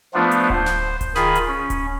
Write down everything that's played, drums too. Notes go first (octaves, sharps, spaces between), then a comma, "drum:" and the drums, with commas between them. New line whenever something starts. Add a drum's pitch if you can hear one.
F3 A3 B3 D4 F4
drum: hi-hat
C5, drum: kick D1
drum: snare
drum: kick D1, hi-hat
D#3 F4 G#4 G#5 B5, drum: snare
drum: hi-hat
C#4
drum: kick D1, hi-hat